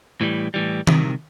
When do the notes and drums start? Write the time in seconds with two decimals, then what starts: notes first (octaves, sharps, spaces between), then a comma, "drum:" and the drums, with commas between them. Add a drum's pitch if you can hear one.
0.21 A2 E3 G3
0.54 A2 E3 G3
0.87 C2 C3 D#3, drum: tom D#3